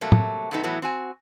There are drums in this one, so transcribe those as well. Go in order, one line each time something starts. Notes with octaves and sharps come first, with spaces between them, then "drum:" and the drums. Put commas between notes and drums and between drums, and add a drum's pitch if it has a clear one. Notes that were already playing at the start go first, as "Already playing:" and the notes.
C3 F#3 G3 A3 A#3
drum: tom
G2 C3 A3 B3 D#4 A4
A2 E3 F#3 B3 E4 A4
C4 F#4 G#5